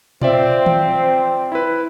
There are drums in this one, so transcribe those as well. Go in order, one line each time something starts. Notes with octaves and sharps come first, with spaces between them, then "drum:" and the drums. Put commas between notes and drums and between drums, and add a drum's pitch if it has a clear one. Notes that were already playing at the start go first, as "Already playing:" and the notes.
C4 F4 D5 E5, drum: tom A#2
drum: tom D#3
E4 B4